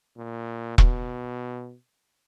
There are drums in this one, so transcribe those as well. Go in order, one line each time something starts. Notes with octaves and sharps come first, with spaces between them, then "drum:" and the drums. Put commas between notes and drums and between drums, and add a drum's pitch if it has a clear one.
A#2
B2, drum: kick E1